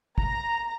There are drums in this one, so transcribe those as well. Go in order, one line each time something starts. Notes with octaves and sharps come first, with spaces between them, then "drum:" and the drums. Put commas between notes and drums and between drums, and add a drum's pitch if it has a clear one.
A#5, drum: kick